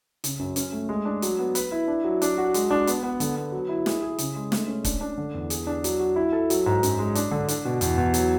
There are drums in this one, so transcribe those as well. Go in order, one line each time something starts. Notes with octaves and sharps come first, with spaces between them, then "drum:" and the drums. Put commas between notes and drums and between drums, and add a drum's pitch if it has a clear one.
C#3, drum: hi-hat
F#2
C#4, drum: hi-hat
A3
G#3
D4
F#3, drum: hi-hat
B3
B4, drum: hi-hat
E4
D4
F#3
D4, drum: hi-hat
F#4
G#3, drum: hi-hat
D4
B3, drum: hi-hat
B3
D3, drum: hi-hat
B3
F#3
E4
G#4, drum: snare
G#4
C#3, drum: hi-hat
G#3
A3, drum: snare
C#4
D4, drum: kick C#1, hi-hat
D4
D3
E2
G#4, drum: hi-hat
D4
F#3, drum: hi-hat
F#4
E4
A4
F#3, drum: hi-hat
G#2
F#2, drum: hi-hat
G#3
D4, drum: hi-hat
D3
D4, drum: hi-hat
B2
E2, drum: hi-hat
E2
F#3, drum: hi-hat